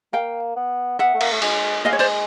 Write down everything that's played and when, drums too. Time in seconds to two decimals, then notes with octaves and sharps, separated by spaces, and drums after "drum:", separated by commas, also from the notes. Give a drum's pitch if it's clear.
0.13 A#3 F5 G5
0.56 B3
0.99 B3 E5 F#5
1.14 A3
1.21 A#3, drum: cymbal
1.32 A3
1.42 G#3, drum: cymbal
1.85 G#3 D#5 F5
1.93 C#5
1.99 C5 D5, drum: open hi-hat